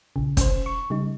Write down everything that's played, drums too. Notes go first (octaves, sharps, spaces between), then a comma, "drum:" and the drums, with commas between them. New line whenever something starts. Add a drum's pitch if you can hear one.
A#1 C#3
C#4 C5, drum: kick, hi-hat
C#6
C#3 G3 D#4